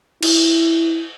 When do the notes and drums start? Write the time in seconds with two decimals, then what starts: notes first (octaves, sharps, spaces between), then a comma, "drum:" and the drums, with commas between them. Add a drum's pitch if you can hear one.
0.23 E4, drum: cymbal